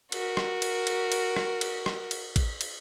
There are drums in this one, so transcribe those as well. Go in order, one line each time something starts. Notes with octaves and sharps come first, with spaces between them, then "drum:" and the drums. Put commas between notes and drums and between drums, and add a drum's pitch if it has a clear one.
F#4 A#4, drum: cymbal
drum: rim click
drum: cymbal
drum: cymbal
drum: cymbal
drum: rim click
drum: cymbal
drum: rim click
drum: cymbal
drum: kick A1, cymbal
drum: cymbal